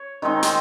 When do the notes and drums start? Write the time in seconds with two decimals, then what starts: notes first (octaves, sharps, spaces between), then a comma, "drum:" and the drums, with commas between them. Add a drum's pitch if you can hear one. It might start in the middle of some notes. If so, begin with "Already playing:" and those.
Already playing: C#5
0.22 D#3 G#3 C4 D#4
0.43 drum: hi-hat